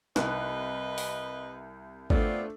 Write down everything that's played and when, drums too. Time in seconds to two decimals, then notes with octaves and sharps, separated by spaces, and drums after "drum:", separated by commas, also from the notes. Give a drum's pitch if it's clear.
0.16 C2 B4 D#5 F#6, drum: snare
0.98 drum: open hi-hat
2.10 A3 B3 C4 D4 F4, drum: kick